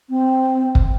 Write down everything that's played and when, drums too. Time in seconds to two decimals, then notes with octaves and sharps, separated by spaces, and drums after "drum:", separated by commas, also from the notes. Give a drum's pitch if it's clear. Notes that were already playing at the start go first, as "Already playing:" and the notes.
0.09 C4
0.75 drum: kick